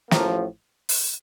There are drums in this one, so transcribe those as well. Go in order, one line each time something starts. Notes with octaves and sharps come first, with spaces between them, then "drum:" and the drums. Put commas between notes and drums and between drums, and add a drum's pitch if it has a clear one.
A1 A2 F3 A#3, drum: snare
drum: open hi-hat